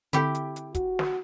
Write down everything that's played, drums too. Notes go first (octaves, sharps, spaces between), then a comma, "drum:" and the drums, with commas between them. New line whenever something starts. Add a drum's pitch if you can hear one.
D3 C4 E4 G4 A4, drum: hi-hat
drum: hi-hat
drum: hi-hat
F#4, drum: kick, hi-hat
drum: snare